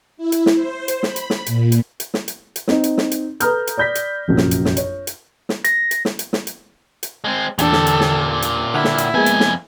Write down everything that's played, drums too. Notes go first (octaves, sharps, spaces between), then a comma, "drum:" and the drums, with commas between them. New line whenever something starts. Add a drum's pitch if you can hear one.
E4
drum: hi-hat
drum: snare
C5
drum: hi-hat
B5, drum: snare
drum: hi-hat
drum: snare
A#2, drum: hi-hat
drum: hi-hat
drum: hi-hat
drum: snare
drum: hi-hat
drum: hi-hat
C4 D#4, drum: snare
drum: hi-hat
drum: snare
drum: hi-hat
A4 B4 A#5 D#6 F6 G6, drum: hi-hat
drum: hi-hat
D5 B5 G6 A#6 B6
drum: hi-hat
F1 A#1 F#2
drum: snare
drum: hi-hat
drum: snare
C#5, drum: hi-hat
drum: hi-hat
drum: snare
A#6, drum: hi-hat
drum: hi-hat
drum: snare
drum: hi-hat
drum: snare
drum: hi-hat
drum: hi-hat
G#3 C4
E2 A#2 D3 G4 A4, drum: hi-hat
drum: snare
drum: hi-hat
drum: snare
drum: hi-hat
D3 E4 F#5 F6
drum: snare
drum: hi-hat
F2 G#3 A#3 B3 G#5
drum: hi-hat
drum: snare